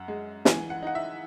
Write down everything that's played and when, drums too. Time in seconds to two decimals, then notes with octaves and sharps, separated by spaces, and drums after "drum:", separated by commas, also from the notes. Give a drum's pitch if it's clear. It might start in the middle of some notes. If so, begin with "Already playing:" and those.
Already playing: F#2 F#5
0.08 G#3
0.45 E3 G#5, drum: snare
0.70 F#5
0.83 D#4 F#5
0.95 E5